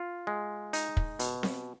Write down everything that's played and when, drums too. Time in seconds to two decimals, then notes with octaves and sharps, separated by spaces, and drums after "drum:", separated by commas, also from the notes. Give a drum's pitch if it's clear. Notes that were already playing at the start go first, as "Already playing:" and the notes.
Already playing: F4
0.27 G#3
0.73 D#4, drum: hi-hat
0.97 drum: kick
1.19 B2, drum: hi-hat
1.43 drum: snare C4